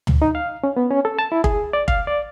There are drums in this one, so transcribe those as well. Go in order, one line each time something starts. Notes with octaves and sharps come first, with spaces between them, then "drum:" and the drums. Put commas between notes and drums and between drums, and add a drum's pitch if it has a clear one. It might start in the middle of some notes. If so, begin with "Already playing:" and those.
drum: tom
D#4
F5
C#4
B3
C#4
A4
A5
E4
G#4, drum: kick
D5
F5, drum: kick
D5